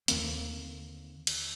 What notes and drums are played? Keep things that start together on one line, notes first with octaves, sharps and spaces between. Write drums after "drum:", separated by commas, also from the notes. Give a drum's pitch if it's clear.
D#2 D3 A#3 C4, drum: hi-hat
drum: cymbal